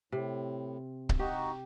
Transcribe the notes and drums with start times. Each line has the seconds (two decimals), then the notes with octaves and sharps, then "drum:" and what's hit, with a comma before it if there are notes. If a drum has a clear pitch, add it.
0.12 A2 C3
1.09 drum: kick C#1
1.19 D#4 F#4 G4